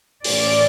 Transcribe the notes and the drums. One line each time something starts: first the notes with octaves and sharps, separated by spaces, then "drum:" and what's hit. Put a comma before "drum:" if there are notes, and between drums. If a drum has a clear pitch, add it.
A2 E3 A3 C#4 D5, drum: open hi-hat